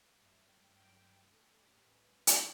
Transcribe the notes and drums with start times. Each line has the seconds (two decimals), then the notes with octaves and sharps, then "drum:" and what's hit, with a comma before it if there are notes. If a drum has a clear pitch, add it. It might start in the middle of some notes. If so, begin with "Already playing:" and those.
0.16 G2 F#3 A3 E5
0.45 G5
0.73 G5
1.29 A2 G3 C#4 A4
1.57 G4
1.85 B4
2.27 drum: hi-hat